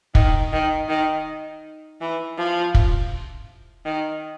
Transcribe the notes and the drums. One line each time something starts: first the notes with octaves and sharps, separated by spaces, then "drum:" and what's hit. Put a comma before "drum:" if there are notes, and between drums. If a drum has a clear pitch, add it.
D#3, drum: kick
D#3
D#3
E3
F3
drum: kick
D#3